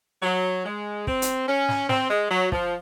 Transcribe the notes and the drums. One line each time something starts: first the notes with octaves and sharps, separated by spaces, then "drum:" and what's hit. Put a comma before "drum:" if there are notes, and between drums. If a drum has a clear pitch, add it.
F#3
G#3
C4, drum: kick
drum: hi-hat
C#4
drum: snare
C4, drum: snare
G#3
F#3
F3, drum: kick